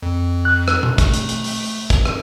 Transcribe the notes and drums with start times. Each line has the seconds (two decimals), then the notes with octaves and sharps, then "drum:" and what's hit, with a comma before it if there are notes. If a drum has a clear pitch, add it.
0.03 F2
0.45 F#6
0.68 drum: rim click
0.83 drum: tom B2
0.98 A3, drum: kick, hi-hat
1.14 drum: hi-hat
1.29 drum: hi-hat
1.44 drum: open hi-hat
1.90 drum: kick, hi-hat
2.06 drum: rim click